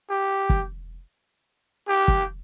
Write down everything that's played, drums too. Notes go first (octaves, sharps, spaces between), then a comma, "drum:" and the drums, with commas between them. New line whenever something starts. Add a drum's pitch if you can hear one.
G4
drum: kick
G4
drum: kick